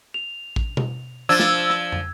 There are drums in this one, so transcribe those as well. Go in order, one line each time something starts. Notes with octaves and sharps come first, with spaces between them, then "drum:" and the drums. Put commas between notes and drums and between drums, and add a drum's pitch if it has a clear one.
F7
drum: kick A1
drum: tom B2
F3 D4 E6 G#6
drum: snare
drum: rim click
drum: tom